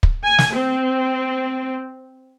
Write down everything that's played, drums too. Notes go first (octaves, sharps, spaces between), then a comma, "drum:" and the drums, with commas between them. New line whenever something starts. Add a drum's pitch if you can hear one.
drum: kick
G#5
drum: snare
C4